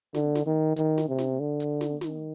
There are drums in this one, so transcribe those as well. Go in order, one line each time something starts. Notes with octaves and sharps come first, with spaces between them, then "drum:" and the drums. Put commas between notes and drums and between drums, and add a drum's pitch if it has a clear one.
D3, drum: snare
drum: snare
D#3
D#3, drum: hi-hat
drum: snare
C3
drum: snare
D3
drum: hi-hat
drum: snare
D#3, drum: snare